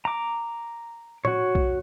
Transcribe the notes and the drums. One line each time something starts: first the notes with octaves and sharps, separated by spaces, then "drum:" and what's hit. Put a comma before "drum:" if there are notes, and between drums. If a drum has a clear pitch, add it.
A#5 D6
F#4 C#5, drum: tom A2
drum: kick B1